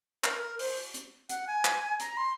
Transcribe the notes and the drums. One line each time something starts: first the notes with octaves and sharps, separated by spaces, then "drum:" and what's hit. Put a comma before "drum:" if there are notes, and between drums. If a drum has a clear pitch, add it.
A#4, drum: clap
A#4
C5, drum: open hi-hat
drum: hi-hat
F#5, drum: hi-hat
G#5
drum: clap
A#5, drum: hi-hat
C6